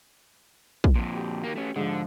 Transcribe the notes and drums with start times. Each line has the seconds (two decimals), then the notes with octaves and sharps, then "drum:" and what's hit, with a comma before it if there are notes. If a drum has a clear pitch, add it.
0.84 drum: kick
0.96 F2 A#2
1.14 F#4 G4
1.44 D#3 A#3
1.56 A3 C#4
1.76 G#2 D3 F3